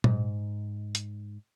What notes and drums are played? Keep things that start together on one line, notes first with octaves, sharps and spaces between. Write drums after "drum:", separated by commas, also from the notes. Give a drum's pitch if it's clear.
G#2, drum: tom A#2
drum: hi-hat